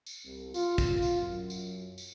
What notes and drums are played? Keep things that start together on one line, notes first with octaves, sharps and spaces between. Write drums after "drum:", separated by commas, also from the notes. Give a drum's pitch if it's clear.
drum: tambourine
C2
F4, drum: tambourine
drum: kick, tambourine
drum: tambourine
F#2
drum: tambourine
drum: tambourine